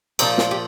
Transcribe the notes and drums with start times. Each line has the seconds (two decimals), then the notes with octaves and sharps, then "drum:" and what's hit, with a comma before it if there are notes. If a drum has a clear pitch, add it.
0.19 A#2 F3 A#3 C4 D#4, drum: cymbal
0.38 drum: snare
0.51 G4